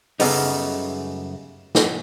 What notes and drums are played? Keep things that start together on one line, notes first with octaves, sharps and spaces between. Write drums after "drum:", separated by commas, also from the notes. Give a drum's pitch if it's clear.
F#2 C#3 G3 A3 B3 D#4, drum: open hi-hat
drum: snare